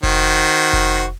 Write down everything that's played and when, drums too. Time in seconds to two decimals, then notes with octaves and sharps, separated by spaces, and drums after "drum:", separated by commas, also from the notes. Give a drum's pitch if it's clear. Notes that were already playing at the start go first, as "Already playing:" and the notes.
0.03 D#3 F#4 C5, drum: kick F1
0.73 drum: kick F1